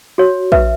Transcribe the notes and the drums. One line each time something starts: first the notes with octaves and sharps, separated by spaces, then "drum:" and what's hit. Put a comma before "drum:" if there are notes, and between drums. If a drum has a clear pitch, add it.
F#4 C#5
B4 E5, drum: kick A#1